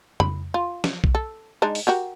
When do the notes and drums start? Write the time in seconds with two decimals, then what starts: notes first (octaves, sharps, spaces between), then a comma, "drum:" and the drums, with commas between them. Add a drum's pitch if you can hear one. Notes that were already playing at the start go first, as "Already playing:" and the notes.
0.20 B5, drum: tom F2
0.54 F4
0.84 drum: snare
1.04 drum: kick B1
1.15 A4
1.62 G#3 D4 D#4
1.75 drum: open hi-hat
1.87 F#4 G4 A#4